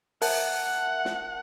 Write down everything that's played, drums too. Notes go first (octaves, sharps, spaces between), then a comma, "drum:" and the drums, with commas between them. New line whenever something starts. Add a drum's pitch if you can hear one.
A#4 E5 F#5 A5, drum: open hi-hat
drum: snare